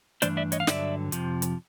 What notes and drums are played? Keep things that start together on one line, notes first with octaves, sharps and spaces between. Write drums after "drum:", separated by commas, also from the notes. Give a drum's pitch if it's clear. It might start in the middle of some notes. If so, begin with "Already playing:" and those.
G2 E3 A3 D4 C5 D5, drum: hi-hat
D5 E5
C#5 D#5, drum: hi-hat
F5
G2 D3 F#3 D5 E5, drum: snare
F2 C3 F3, drum: hi-hat
drum: hi-hat